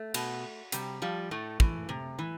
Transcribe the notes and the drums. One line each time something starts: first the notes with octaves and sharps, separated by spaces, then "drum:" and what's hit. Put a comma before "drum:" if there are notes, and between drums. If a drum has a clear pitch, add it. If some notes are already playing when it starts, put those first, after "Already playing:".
Already playing: A3
B2, drum: cymbal
C3 G3, drum: hi-hat
F3 G3
A2 A3
E3, drum: kick
C3
E3